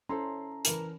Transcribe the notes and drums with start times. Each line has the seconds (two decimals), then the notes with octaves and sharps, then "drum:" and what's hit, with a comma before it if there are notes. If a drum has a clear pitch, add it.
0.09 C#4 E4 A4 C5 A#5 C6
0.65 E3 A#4, drum: hi-hat